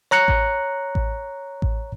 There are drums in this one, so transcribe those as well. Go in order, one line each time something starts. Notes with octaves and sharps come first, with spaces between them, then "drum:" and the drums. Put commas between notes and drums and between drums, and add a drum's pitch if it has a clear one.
C#5 A#5 F#6 C#7
drum: kick A1
drum: kick A1
drum: kick A1